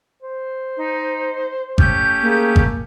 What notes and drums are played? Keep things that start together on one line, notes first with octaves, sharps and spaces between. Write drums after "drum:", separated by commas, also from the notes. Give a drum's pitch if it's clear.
C5
D#4
A3 C#4 G4 G6, drum: kick G#1
A#3 G#4
drum: kick G#1